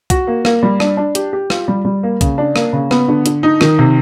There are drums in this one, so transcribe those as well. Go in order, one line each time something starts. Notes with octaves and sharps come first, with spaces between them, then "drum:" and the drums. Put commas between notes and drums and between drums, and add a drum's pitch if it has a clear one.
F#4, drum: kick, hi-hat
A#3
A#3, drum: rim click
G3
D4, drum: rim click
D4
G4, drum: hi-hat
G4
F4, drum: rim click
G3
G3
A#3
C#3, drum: kick, hi-hat
D4
A#3, drum: rim click
C#3
B3, drum: rim click
D3
D3, drum: hi-hat
D#4
D#3, drum: rim click
C3